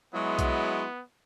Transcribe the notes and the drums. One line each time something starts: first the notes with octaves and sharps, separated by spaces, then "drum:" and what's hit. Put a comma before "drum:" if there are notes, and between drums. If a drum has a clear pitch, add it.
F#3 G#3 B3 E4
drum: kick B1, hi-hat